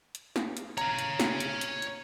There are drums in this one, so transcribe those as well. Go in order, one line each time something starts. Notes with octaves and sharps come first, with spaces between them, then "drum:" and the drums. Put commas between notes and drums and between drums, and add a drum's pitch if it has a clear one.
drum: hi-hat
drum: snare
drum: hi-hat
C#5 F5 A#5, drum: hi-hat
drum: hi-hat
drum: snare
drum: hi-hat
drum: hi-hat
drum: hi-hat